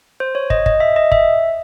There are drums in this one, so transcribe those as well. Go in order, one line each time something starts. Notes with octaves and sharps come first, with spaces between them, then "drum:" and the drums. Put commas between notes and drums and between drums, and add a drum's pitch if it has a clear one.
C5
C#5
D#5, drum: kick
D#5, drum: kick
E5
D#5
E5, drum: kick